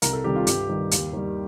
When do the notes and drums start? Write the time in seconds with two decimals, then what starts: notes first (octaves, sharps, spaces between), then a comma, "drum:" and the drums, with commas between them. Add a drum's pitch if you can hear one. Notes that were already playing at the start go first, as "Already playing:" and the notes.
0.02 C2 A#4, drum: hi-hat
0.13 A4
0.24 C3 D#3 G3 G4
0.36 F4
0.47 G2 G4, drum: hi-hat
0.69 D#3 G3
0.91 D#2, drum: hi-hat
1.13 D#3 G3